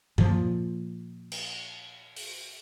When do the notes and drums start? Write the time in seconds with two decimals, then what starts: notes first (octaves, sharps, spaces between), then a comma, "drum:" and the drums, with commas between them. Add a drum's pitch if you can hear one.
0.18 A#2 F3, drum: tom G2
1.32 drum: cymbal
2.16 drum: open hi-hat